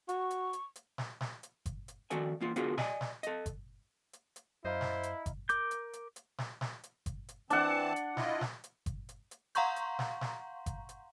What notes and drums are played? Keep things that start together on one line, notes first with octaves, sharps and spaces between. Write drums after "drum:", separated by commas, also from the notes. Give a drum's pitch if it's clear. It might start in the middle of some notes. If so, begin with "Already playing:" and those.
F#4 C#6, drum: hi-hat
drum: hi-hat
drum: hi-hat
drum: hi-hat
drum: snare
drum: snare
drum: hi-hat
drum: kick G1, hi-hat
drum: hi-hat
F2 D#3 F#4 A4 D5 G#5, drum: hi-hat
E2 A#3 F4
D3 B3 F4 F#4 G#4 A#4, drum: hi-hat
D5 D#5 G#5, drum: snare
drum: snare
A4 D#5, drum: hi-hat
drum: kick G1, hi-hat
drum: hi-hat
drum: hi-hat
F#2 E4 C5 D#5 F5 A#5
drum: snare
drum: hi-hat
drum: kick G1, hi-hat
A#4 D6 G6, drum: hi-hat
drum: hi-hat
drum: hi-hat
drum: hi-hat
drum: snare
drum: snare
drum: hi-hat
drum: kick G1, hi-hat
drum: hi-hat
E3 C4 D4 F#5 A5, drum: hi-hat
drum: hi-hat
E4 F4 D#5, drum: snare
drum: snare
drum: hi-hat
drum: kick G1, hi-hat
drum: hi-hat
drum: hi-hat
F5 F#5 A#5 C6 C#6 G6, drum: hi-hat
drum: hi-hat
drum: snare
drum: snare
drum: kick G1, hi-hat
drum: hi-hat